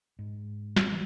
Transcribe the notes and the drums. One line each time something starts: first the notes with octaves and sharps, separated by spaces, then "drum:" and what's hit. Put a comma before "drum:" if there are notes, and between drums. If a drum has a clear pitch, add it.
G#2
C4, drum: snare
E3